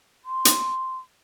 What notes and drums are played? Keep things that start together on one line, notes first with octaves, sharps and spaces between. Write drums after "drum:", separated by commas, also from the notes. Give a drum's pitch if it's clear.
C6
drum: hi-hat